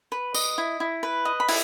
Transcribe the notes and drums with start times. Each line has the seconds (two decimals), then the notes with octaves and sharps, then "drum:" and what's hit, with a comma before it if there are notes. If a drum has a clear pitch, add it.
0.12 B4
0.34 D#5, drum: tambourine
0.58 E4
0.80 E4
1.03 B4
1.25 D#5
1.40 B5
1.48 E4, drum: open hi-hat